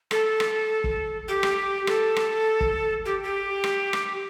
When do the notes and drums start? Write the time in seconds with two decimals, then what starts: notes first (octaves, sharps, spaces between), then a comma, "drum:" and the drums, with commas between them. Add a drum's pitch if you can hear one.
0.11 A4, drum: rim click
0.40 drum: rim click
0.84 drum: kick F#1
1.28 G4
1.43 drum: rim click
1.87 A4, drum: rim click
2.16 drum: rim click
2.61 drum: kick F#1
3.05 G4
3.23 G4
3.64 drum: rim click
3.93 drum: rim click